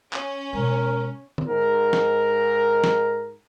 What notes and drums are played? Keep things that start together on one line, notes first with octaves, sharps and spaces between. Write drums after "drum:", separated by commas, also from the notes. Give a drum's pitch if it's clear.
C#4, drum: clap
B2 G#3 A#4
drum: tom D3
G#2 A#4
drum: snare
drum: snare